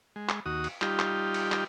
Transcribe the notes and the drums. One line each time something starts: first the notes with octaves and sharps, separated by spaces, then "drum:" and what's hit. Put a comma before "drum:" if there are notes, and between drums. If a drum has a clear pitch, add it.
G#3
drum: clap
D#2 F#4 D#6
drum: cymbal
G3 D#4 F4 G4, drum: clap
drum: clap
drum: cymbal
drum: clap